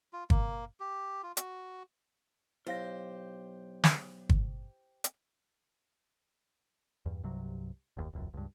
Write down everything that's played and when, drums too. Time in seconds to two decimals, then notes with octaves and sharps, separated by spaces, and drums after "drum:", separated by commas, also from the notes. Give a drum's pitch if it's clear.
0.13 F4
0.30 A#3, drum: kick
0.80 G4
1.23 F4
1.37 F#4, drum: hi-hat
2.67 B1 E4 G4 C5 F5 A#6
3.84 drum: snare
4.29 drum: kick
5.04 drum: hi-hat
7.06 E2 G2
7.24 C2 G2 C3 F#3
7.97 F#1 D#2
8.13 E1 C#2 F#2
8.33 C#2 G2